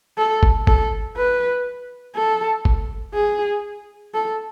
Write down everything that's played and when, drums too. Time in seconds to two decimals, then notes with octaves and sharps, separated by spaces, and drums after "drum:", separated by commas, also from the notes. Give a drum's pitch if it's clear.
0.18 A4
0.43 drum: kick G1
0.67 A4, drum: kick G1
1.17 B4
2.15 A4
2.65 drum: kick G1
3.15 G#4
4.14 A4